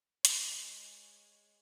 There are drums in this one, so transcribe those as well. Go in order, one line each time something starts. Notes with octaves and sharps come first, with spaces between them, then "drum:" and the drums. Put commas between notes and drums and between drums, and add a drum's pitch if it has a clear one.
G#3 C#5, drum: hi-hat